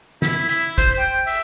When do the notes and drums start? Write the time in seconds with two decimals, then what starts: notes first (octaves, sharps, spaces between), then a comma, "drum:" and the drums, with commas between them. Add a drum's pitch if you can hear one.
0.22 E4, drum: snare
0.49 E4, drum: hi-hat
0.78 C5, drum: kick, hi-hat
0.98 G5
1.27 E5, drum: open hi-hat